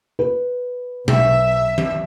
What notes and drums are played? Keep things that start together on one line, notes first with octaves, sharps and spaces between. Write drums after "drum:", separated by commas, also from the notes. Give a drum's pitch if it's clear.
B4
B1 E5, drum: tom B2
drum: tom D#3